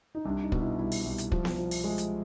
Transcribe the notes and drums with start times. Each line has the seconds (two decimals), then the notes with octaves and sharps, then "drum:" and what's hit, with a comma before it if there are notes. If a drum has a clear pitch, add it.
0.15 D#4
0.25 C2 D4
0.43 D#4
0.52 B2, drum: kick
0.60 E4
0.79 C2 E4
0.92 drum: open hi-hat
1.05 C2
1.18 drum: hi-hat
1.32 F3, drum: kick
1.45 drum: snare B3
1.59 F3
1.71 drum: open hi-hat
1.84 G#3
1.98 drum: hi-hat